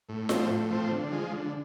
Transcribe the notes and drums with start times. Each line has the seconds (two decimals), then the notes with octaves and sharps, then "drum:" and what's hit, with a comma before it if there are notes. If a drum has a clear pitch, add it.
0.09 A2
0.29 F3 A3 C4, drum: snare F4
0.50 A2
0.70 F3 A3 C4
0.91 D3
1.12 F3 G#3
1.32 D3